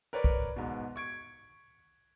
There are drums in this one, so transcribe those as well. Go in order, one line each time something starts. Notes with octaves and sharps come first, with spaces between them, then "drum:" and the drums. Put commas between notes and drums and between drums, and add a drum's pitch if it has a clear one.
A#4 B4 C#5 D5
drum: kick
G#2 B2
C#6 G#6 D7